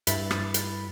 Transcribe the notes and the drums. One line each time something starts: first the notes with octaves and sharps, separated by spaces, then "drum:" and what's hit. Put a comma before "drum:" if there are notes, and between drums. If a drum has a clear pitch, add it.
G2 E4 B5 A6, drum: hi-hat
drum: rim click
drum: hi-hat